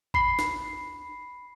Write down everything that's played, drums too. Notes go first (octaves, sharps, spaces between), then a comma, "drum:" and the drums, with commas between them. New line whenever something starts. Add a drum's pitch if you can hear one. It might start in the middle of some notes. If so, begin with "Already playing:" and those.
B5 C7, drum: kick
drum: snare